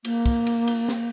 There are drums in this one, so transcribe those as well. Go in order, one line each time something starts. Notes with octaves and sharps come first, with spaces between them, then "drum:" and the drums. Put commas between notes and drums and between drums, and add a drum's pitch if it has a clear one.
A#3, drum: cymbal
drum: kick, cymbal
drum: cymbal
drum: cymbal
drum: snare